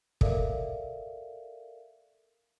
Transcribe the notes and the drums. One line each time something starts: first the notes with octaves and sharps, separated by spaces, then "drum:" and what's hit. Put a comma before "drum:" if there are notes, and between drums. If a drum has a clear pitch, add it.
A4 A#4 D5 E5 F5, drum: kick